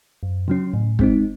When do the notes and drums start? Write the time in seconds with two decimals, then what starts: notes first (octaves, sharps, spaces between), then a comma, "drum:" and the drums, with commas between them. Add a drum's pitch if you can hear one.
0.23 F#2
0.48 C#3 F#3 C#4
0.74 A2
0.99 G#3 C4 D#4, drum: kick